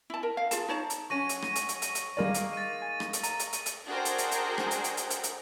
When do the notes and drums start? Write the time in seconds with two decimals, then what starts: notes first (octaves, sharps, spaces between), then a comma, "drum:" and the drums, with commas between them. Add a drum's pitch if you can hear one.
0.10 E4 A5
0.23 A#4
0.37 F5
0.51 F4 G#4 A5, drum: hi-hat
0.68 D#4 C#5 A5 A#5
0.90 drum: hi-hat
1.10 F#3 C#4 C#6 A#6 D#7
1.29 drum: hi-hat
1.42 drum: rim click
1.56 drum: hi-hat
1.69 drum: hi-hat
1.82 drum: hi-hat
1.95 drum: hi-hat
2.17 D#3 G3 G#3 A#3 A#4 D5
2.34 drum: hi-hat
2.53 A6 D#7
2.82 G#5
3.00 drum: rim click
3.13 drum: hi-hat
3.23 A#5 D#7, drum: hi-hat
3.39 drum: hi-hat
3.53 drum: hi-hat
3.66 drum: hi-hat
3.87 D4 F#4 G#4 A#4 C5 G5
4.05 drum: hi-hat
4.18 drum: hi-hat
4.31 drum: hi-hat
4.58 drum: rim click
4.71 drum: hi-hat
4.84 drum: hi-hat
4.97 drum: hi-hat
5.10 drum: hi-hat
5.23 drum: hi-hat